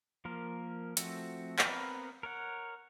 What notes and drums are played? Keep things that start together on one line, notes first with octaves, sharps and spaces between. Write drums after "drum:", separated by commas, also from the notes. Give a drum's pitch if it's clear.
F3 A#3 A#4
F3 A3 C4 F#4, drum: hi-hat
B3 C4 A#4 B4 F5, drum: clap
A#4 C#5 F#5